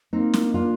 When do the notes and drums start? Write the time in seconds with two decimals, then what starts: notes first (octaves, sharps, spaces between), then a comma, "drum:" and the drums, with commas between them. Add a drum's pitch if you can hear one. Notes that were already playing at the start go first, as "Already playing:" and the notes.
0.13 A#3 C4 D#4
0.34 drum: snare
0.54 D4 F4